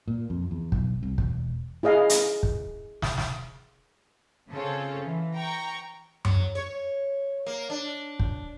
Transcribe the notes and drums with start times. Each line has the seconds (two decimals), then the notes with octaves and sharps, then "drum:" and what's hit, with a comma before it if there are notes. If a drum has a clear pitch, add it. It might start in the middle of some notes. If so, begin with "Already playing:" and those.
0.08 A#2
0.30 F2
0.51 E2
0.72 B1, drum: kick
1.03 C2
1.18 E1, drum: kick
1.83 E4 G#4 D#5 F5
2.10 drum: hi-hat
2.43 drum: kick
3.02 drum: snare
3.18 drum: snare
4.50 C#3 C4 C#4 F4 A4
5.03 E3
5.35 G5 A#5 C#6
6.25 F#3, drum: tom F#2
6.55 C#5
7.47 A#3
7.70 D4
8.19 drum: kick